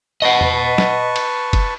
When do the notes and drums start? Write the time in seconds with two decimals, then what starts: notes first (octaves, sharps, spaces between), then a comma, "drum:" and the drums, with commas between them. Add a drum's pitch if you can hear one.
0.22 B4 D#5 F#5 A5 C#6
0.41 drum: tom E2
0.78 drum: snare
1.16 drum: cymbal
1.53 drum: kick, cymbal